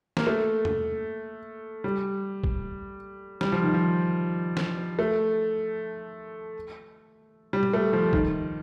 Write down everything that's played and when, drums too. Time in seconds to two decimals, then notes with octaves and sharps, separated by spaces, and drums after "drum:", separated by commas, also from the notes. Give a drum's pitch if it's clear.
0.17 A#3, drum: snare
0.27 A3
0.65 drum: tom
1.84 G3
2.44 drum: kick
3.41 G3, drum: snare
3.52 F3
3.63 D#3
3.74 F3
4.57 drum: snare
4.99 A3
7.53 G3
7.63 drum: tom A#2
7.74 A3
7.93 F3
8.13 D#3, drum: kick